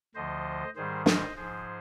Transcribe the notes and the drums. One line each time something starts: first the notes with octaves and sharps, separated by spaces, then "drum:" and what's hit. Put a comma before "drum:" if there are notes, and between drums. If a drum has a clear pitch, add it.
D2 D3 F3 C5 D#5
G#2 D#3 G3 G#4 C5
C5 D#5, drum: snare
G#2 F3 G#4 C5